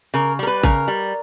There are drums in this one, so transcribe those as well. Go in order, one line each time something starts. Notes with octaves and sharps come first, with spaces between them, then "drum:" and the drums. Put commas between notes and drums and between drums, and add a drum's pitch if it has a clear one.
C#3 A#4
G3 A#4
B4
C#3 A#4, drum: kick A1
G3